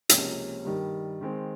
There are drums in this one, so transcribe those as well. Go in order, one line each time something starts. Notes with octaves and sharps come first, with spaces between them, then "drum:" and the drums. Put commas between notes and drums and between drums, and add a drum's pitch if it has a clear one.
C#2 C3 F3 A#3 C#4, drum: hi-hat
G2 D#3 G3
D#3 G#3 C4